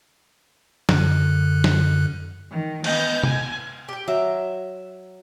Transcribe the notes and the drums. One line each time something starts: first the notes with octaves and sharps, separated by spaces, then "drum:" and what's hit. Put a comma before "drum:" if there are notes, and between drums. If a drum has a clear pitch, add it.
F#2 D3 F#6, drum: snare
drum: snare
D#3
B3 D#5 G6, drum: cymbal
G#5, drum: tom
G4 G5
F#3 E5